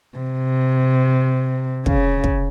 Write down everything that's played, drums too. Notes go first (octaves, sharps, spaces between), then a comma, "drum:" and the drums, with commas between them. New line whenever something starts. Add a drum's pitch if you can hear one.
C3
C#3, drum: kick
drum: kick